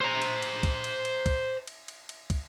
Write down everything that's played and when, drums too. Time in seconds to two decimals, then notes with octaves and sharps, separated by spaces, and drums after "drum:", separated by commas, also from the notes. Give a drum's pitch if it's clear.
0.01 C5 A#5
0.22 drum: cymbal
0.42 drum: cymbal
0.63 drum: kick, cymbal
0.84 drum: cymbal
1.05 drum: cymbal
1.26 drum: kick, cymbal
1.67 drum: cymbal
1.88 drum: cymbal
2.09 drum: cymbal
2.30 drum: kick, cymbal